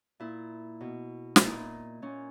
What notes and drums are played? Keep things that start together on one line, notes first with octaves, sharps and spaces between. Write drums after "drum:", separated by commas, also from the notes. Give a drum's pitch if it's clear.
A#2 E4
B2
E4, drum: snare
A#2 D#4
A#2 C#4